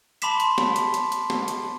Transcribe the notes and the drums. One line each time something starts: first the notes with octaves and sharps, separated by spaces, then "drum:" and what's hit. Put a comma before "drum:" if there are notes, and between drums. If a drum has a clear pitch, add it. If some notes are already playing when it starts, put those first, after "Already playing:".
A5 B5 C6 D6 B6 E7, drum: hi-hat
drum: hi-hat
drum: snare
drum: hi-hat
drum: hi-hat
drum: hi-hat
drum: snare
drum: hi-hat